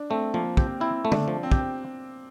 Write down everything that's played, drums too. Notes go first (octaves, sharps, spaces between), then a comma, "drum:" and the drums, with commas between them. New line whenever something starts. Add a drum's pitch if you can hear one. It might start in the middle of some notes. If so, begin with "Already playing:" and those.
Already playing: D4
A3 C4
F3 A#3
C4 G4, drum: kick
C4 E4
A3
D4, drum: tom
F3
C4
G4, drum: kick